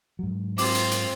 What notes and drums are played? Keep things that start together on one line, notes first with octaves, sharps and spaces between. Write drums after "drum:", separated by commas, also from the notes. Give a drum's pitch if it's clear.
G#2 F#3
C4 F4 D6, drum: open hi-hat
drum: hi-hat
drum: hi-hat